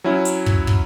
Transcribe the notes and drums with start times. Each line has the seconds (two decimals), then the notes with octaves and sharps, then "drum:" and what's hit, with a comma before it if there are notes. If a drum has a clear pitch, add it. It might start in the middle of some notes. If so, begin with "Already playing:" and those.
0.04 F#3 C#4 E4
0.25 drum: hi-hat
0.46 drum: kick
0.67 drum: kick